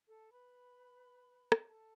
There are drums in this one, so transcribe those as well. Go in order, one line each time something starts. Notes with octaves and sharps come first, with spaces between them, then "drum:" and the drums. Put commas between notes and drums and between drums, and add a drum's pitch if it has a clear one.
A4 A5
B4 B5
drum: rim click
A4 A5